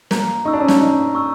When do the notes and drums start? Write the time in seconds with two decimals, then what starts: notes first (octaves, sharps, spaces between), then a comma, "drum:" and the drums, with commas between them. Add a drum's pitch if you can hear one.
0.11 A#3 A#5, drum: snare
0.45 D#4 C#6 E6
0.53 D4
0.61 C#4
0.68 D4, drum: snare
0.80 D#4 A#5
1.15 C#6 E6